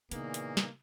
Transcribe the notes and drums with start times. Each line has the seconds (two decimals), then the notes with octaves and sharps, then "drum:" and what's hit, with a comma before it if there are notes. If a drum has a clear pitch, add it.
0.11 A#2 C#3 E3 A#3 B3 D#4 G#4, drum: hi-hat
0.34 drum: hi-hat
0.57 drum: snare